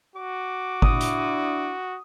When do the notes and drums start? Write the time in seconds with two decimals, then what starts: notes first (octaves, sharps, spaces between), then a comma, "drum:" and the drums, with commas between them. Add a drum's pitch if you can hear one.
0.16 F#4 D6
0.82 D4 E4 D#6, drum: kick G1
1.01 drum: hi-hat